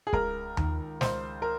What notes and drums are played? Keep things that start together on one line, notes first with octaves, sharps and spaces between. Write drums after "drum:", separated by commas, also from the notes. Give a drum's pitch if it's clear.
G#4
C#2 A#4, drum: kick
D#3, drum: tom D#2
C#2 C5, drum: snare
A#4